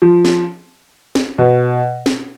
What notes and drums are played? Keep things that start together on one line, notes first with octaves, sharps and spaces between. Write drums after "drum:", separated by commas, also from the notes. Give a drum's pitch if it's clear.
F3
drum: snare
drum: snare
B2
drum: snare